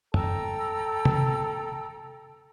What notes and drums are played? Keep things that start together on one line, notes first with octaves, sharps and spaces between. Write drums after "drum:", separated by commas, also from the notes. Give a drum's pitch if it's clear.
A4 G5 A#5 E6, drum: tom
drum: tom